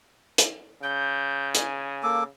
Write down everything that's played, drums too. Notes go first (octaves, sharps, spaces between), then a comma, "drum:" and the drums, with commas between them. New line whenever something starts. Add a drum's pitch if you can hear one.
drum: hi-hat
C#3 G6
G#5, drum: hi-hat
A#3 A4 D6